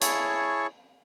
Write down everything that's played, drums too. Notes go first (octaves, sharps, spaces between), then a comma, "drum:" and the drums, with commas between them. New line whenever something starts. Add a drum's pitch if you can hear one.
E4 G#4 C#5 A5 C#6, drum: hi-hat